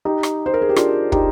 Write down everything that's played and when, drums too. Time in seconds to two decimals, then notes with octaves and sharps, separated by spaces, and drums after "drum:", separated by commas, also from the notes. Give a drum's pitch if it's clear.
0.05 D#4 G4
0.23 drum: rim click
0.46 C5
0.54 A#4
0.62 G#4
0.69 G4
0.76 D4 F4, drum: rim click
1.12 D#4 G4, drum: kick